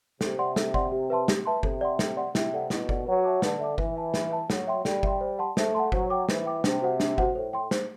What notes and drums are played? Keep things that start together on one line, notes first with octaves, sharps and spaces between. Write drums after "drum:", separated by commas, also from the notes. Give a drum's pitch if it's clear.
C3 A4, drum: snare
D5 F#5 C6
A4, drum: snare
D5 F#5 C6, drum: kick G1
G4
B4 E5 A5 C6
G4, drum: snare
B4 E5 A5 C6
C3 A4, drum: kick G1
D5 F#5 C6
A4, drum: snare
D5 F#5 C6
C3 E4, drum: snare
A4 D5 F#5
B2 E4, drum: snare
A4 D5 F#5, drum: kick G1
F#3 B4
E5 A5 D6
D3 B4, drum: snare
E5 A5 D6
E3 B4, drum: kick G1
E5 A5
B4, drum: snare
E5 A5
F#3 A4, drum: snare
E5 G5 C6
G3 A4, drum: snare
E5 G5 C6, drum: kick G1
C5
F#5 A5 C6
A3 C5, drum: snare
F#5 A5 C6
F#3 C5, drum: kick G1
G5 D6
E3 C5, drum: snare
G5 D6
C3 D4, drum: snare
F#4 C5 F#5
D4, drum: snare
F#4 C5 F#5, drum: kick G1
A2 C5
G5 C6
C5, drum: snare